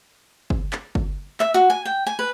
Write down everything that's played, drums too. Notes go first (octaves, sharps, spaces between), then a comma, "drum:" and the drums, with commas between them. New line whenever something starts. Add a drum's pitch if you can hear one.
drum: kick
drum: clap
drum: kick
E5, drum: clap
F#4
G#5
G5
G#5
B4